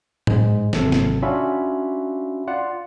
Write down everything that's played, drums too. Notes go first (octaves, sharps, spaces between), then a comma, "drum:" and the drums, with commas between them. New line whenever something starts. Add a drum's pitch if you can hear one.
G#2 G#3, drum: tom A2
G#1 C3 F#3 A4, drum: snare
drum: snare
C#4 D4 F4 F#4 E5 B5
F4 D5 F#5